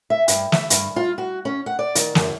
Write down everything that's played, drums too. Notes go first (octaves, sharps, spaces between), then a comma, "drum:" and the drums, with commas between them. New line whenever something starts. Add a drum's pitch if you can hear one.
E5
G2, drum: hi-hat
E5, drum: snare
G2, drum: hi-hat
F4
F#4
C#4
F#5
D5
D#3, drum: hi-hat
F#2, drum: snare